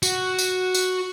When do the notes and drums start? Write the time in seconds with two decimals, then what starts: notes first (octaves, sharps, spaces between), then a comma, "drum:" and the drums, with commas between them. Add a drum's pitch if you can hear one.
0.03 F#4, drum: tambourine
0.39 drum: tambourine
0.74 drum: tambourine